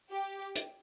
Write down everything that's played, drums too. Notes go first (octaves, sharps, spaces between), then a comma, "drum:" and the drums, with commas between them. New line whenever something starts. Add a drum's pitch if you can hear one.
G4
drum: hi-hat